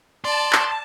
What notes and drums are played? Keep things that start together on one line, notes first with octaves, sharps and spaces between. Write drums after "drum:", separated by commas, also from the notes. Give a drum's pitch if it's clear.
D5 A5 C6
drum: clap